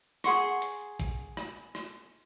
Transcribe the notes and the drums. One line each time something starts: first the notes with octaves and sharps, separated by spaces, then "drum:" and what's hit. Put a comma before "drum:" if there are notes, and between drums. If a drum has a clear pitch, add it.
G#4 F#5 C6 C#6, drum: rim click
drum: hi-hat
drum: kick, hi-hat
drum: rim click
drum: rim click